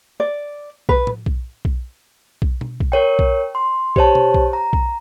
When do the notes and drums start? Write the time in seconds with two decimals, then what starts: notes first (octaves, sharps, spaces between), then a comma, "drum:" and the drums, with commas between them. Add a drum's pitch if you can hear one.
0.20 D5
0.89 B4, drum: kick B1
1.07 drum: tom A2
1.26 drum: kick B1
1.65 drum: kick B1
2.42 drum: kick B1
2.61 drum: tom B2
2.80 drum: kick B1
2.92 A#4 C#5 G5
3.19 drum: kick B1
3.55 C6
3.96 G4 C5 C#5 A5, drum: kick B1
4.15 drum: tom B2
4.34 drum: kick B1
4.53 A#5
4.73 drum: kick B1